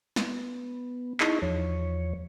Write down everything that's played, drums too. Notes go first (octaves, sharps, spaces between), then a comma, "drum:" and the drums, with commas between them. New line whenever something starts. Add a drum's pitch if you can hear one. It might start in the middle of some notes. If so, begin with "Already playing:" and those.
B3, drum: snare
D#4 E4 G#4 D#5 A5 C#6, drum: clap
E2 F3 C#5